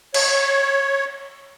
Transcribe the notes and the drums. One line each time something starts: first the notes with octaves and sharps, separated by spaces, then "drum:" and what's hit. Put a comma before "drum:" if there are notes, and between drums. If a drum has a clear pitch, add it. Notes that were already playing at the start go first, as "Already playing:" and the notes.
C#5, drum: cymbal